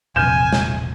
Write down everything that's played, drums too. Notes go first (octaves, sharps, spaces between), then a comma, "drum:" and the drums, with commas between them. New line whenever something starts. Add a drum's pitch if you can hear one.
E1 A#1 C3 G#5 F6 G6 E7
drum: snare